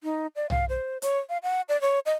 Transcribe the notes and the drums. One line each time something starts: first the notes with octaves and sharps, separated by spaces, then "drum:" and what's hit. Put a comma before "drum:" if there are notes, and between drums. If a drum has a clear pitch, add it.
D#4
D5
F5, drum: tom
C5
C#5, drum: hi-hat
F5
F#5
D5
C#5
D#5